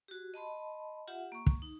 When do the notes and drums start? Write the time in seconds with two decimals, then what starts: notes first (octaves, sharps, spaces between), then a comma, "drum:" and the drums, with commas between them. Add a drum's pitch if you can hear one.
0.08 F#4 G4
0.34 D#5 A5 B5 C6
1.08 F4 G4 E5 F#5
1.32 A#3 C#6
1.46 drum: kick
1.62 D#4